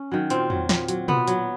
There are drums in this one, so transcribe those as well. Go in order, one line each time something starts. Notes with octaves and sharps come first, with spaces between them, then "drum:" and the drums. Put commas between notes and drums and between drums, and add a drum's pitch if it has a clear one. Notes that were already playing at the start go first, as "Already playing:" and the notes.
Already playing: C#4
D#3 F#3
A#2 C4, drum: hi-hat
F#3, drum: tom E2
A#2, drum: snare
F#3, drum: hi-hat
A#2 B3, drum: tom B2
F#3, drum: hi-hat